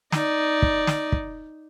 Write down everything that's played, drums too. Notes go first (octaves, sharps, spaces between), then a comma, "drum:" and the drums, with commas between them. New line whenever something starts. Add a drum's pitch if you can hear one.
D#4 D5, drum: snare
drum: kick
drum: snare
drum: kick